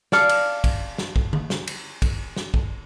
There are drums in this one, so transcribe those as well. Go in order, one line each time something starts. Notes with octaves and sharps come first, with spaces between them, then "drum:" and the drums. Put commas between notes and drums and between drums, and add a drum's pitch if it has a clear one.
D5 F5 A5 D6 F6 C#7, drum: snare
drum: cymbal
drum: kick, cymbal
drum: snare
drum: kick
drum: tom D3
drum: snare
drum: cymbal
drum: kick, cymbal
drum: snare
drum: kick